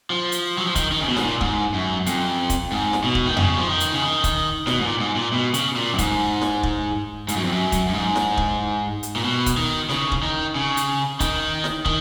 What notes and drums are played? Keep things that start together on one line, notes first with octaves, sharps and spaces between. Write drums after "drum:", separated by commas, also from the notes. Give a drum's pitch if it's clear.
F3
drum: hi-hat
F#3
F3
D#3, drum: kick, hi-hat
D#3
C#3
B2
G#2, drum: snare
A#2
G#2, drum: kick
F#2
F2, drum: hi-hat
drum: kick, hi-hat
G#2
drum: snare
B2
drum: kick
D#3
C#3, drum: tom F2
F3
D#3
drum: hi-hat
C#3
D#3
drum: kick, hi-hat
B2, drum: snare
G#2
A#2
G#2
A#2
B2
C#3, drum: hi-hat
A#2
F#2
G#2, drum: kick, hi-hat
drum: snare
drum: kick
G#2, drum: hi-hat
F#2
F2
F#2
drum: kick, hi-hat
F#2
G#2
drum: snare
drum: kick
drum: hi-hat
A#2
B2
drum: kick, hi-hat
D#3
C#3, drum: snare
drum: kick
D#3
C#3
drum: hi-hat
D#3, drum: kick, hi-hat
drum: snare
D#3, drum: kick